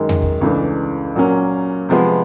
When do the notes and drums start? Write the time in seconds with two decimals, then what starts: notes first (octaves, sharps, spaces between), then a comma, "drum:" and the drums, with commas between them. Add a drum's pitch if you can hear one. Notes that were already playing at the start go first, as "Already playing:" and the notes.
Already playing: F#2 D#3 G#3
0.09 drum: tom E2
0.22 drum: kick
0.41 C#2 C#3 E3 A3 D4
1.15 A#2 F#3 A#3 C#4
1.89 C3 F3 G#3 B3